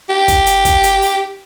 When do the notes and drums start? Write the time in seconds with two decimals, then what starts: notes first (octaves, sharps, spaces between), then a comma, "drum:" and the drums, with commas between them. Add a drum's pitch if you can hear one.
0.09 G4
0.28 drum: kick, hi-hat
0.46 drum: hi-hat
0.65 drum: kick, hi-hat
0.83 drum: hi-hat
1.02 drum: open hi-hat